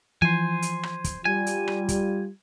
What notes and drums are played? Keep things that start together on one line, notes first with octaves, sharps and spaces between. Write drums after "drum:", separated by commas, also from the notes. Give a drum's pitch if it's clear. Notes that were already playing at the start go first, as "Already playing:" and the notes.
E3 F3 C5 G#5
drum: hi-hat
drum: rim click
drum: kick, hi-hat
G3 F4 G#5
drum: hi-hat
drum: rim click
drum: kick, hi-hat